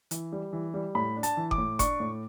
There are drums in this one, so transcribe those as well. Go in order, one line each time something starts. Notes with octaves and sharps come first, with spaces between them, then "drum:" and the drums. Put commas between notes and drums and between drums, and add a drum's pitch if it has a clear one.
E3, drum: hi-hat
G3
E3
G3
A2 B5
D4
A5, drum: hi-hat
E3
D6, drum: kick F#1
A2
D4 C#6, drum: kick F#1, hi-hat
A2